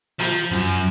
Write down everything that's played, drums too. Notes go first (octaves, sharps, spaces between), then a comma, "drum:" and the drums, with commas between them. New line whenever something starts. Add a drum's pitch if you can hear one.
F3, drum: hi-hat
F#2